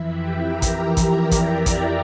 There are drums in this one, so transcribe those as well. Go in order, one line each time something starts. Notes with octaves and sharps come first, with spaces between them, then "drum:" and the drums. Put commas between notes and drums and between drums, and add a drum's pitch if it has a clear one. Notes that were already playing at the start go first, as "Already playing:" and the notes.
Already playing: F2 E3 E4 E5
G4 G5
A#4 A#5
drum: kick A1, hi-hat
drum: kick A1, hi-hat
D5 D6
drum: kick A1, hi-hat
drum: kick A1, hi-hat